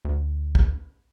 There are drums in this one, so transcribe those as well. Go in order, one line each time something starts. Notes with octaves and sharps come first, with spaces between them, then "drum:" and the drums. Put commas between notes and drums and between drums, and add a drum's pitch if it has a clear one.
D2
drum: kick